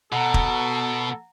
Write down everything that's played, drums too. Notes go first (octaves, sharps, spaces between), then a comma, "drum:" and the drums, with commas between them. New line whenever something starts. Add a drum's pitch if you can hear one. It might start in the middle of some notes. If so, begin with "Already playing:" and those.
B2 A4 F#5 A#5
drum: kick